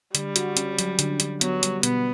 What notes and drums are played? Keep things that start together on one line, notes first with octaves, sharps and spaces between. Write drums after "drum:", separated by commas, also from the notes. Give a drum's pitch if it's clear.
D3 G3, drum: hi-hat
F#4, drum: hi-hat
C#4, drum: hi-hat
F#3, drum: hi-hat
D3, drum: hi-hat
D3, drum: hi-hat
F#3 B3, drum: hi-hat
G3, drum: hi-hat
B2 B3, drum: hi-hat